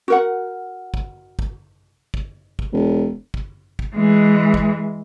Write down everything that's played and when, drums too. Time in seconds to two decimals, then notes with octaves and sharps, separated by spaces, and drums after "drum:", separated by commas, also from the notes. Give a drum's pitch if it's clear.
0.08 F#4 A#4 F#5
0.94 drum: kick
1.39 drum: kick
2.14 drum: kick
2.59 drum: kick
2.73 E1
3.34 drum: kick
3.79 drum: kick
3.94 E3 G#3
4.54 drum: kick